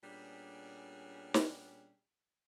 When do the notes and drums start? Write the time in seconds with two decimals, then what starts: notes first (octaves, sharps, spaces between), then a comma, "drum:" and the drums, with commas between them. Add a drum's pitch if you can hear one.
0.03 A#2 G3 B3 C#4 D4 G#4
1.34 drum: snare